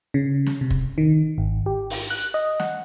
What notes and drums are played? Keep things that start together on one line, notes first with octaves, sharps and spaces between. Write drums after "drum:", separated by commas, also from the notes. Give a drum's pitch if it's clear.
C#3
drum: snare
C3
drum: kick
D#3
G#1
G4
drum: open hi-hat
F#6
D#5
F#5, drum: snare